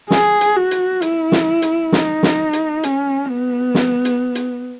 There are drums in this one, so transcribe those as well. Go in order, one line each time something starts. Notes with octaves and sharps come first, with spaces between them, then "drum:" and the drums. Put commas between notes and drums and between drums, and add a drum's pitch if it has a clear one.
G#4, drum: snare
drum: hi-hat
F#4
drum: hi-hat
E4, drum: hi-hat
drum: snare
drum: hi-hat
D#4, drum: snare
drum: snare
drum: hi-hat
C#4, drum: hi-hat
B3
drum: snare
drum: hi-hat
drum: hi-hat